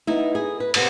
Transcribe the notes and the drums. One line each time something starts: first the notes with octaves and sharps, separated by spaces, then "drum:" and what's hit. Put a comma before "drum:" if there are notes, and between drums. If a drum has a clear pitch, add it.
B3 D#4 E4
G#4
B4
C3 B3 B4, drum: cymbal